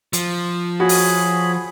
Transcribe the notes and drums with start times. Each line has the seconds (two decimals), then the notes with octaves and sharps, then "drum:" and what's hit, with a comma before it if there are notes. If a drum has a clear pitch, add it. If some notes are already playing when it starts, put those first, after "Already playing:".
0.13 F3, drum: hi-hat
0.80 F#4 G#4 C#5 B5
0.89 drum: open hi-hat